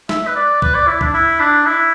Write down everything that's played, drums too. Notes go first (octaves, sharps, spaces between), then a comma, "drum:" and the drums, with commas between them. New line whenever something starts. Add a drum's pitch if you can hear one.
E5, drum: snare
B4
D5
B4, drum: kick
D5
E4
D4, drum: kick
E4
D4
E4